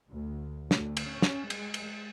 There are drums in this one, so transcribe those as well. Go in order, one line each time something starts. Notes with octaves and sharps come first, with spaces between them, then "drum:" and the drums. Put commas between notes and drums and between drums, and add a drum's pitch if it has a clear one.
D2
D2, drum: snare
drum: cymbal
C#4
drum: snare
G#3, drum: cymbal
drum: cymbal